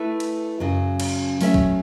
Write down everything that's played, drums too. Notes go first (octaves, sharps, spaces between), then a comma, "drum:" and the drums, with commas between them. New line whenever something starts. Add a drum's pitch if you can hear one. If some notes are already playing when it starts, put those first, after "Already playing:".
Already playing: A3 E4 B4 E5
drum: cymbal
F#2 C#3 F#3
drum: cymbal
F#3 A3 C#4 A4 E5, drum: open hi-hat
drum: kick